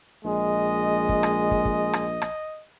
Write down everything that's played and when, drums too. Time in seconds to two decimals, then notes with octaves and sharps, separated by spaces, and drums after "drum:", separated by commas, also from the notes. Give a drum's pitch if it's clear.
0.25 A#1 G#3 D#5
1.09 drum: kick
1.23 drum: rim click
1.51 drum: kick
1.65 drum: kick
1.93 drum: rim click
2.22 drum: rim click